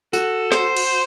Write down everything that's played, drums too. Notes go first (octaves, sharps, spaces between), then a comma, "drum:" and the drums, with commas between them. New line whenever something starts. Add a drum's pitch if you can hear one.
F#4 A4, drum: tambourine
C5, drum: snare
drum: cymbal